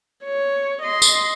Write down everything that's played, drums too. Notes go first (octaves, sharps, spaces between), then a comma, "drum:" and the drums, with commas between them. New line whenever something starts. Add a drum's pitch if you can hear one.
C#5
D#5 C6
drum: tambourine